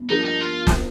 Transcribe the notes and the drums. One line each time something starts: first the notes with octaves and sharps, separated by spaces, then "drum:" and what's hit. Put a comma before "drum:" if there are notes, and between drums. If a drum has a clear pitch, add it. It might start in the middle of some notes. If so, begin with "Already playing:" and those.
Already playing: G1
G2 F3 A#3 D4 D#4
D#4
F4
drum: snare